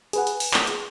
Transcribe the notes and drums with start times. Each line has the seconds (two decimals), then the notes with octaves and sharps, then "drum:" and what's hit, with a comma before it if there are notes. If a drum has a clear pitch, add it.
0.13 G#4 B4 F#5, drum: hi-hat
0.27 drum: hi-hat
0.40 drum: open hi-hat
0.54 drum: clap
0.67 drum: hi-hat